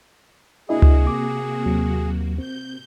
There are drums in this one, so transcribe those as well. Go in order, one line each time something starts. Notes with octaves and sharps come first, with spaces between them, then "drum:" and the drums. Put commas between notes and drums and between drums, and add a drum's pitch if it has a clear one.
C3 A#3 D4 E4 F#4 G#4 D#5
drum: tom C#2
D6
D#2 F#3
C4 G6